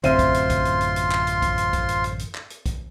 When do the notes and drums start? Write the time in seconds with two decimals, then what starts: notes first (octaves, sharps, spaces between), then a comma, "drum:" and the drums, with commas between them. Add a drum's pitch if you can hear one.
0.04 A1 F#2 D3 C4 F4 E5 C6 D#7, drum: hi-hat
0.19 drum: kick B1, hi-hat
0.34 drum: hi-hat
0.50 drum: kick B1, hi-hat
0.65 drum: hi-hat
0.81 drum: hi-hat
0.96 drum: hi-hat
1.11 drum: clap
1.27 drum: hi-hat
1.42 drum: kick B1, hi-hat
1.58 drum: hi-hat
1.73 drum: kick B1, hi-hat
1.89 drum: hi-hat
2.04 drum: hi-hat
2.19 drum: hi-hat
2.35 drum: clap
2.50 drum: hi-hat
2.66 drum: kick B1, hi-hat